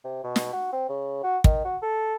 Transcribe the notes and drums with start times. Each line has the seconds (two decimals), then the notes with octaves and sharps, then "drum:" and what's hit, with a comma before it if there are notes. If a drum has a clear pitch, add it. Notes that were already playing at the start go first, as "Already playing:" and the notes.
0.04 C3
0.24 B2
0.36 drum: snare
0.53 F#4
0.73 C4
0.89 C#3
1.23 F#4
1.44 D#3, drum: kick
1.64 F#4
1.82 A4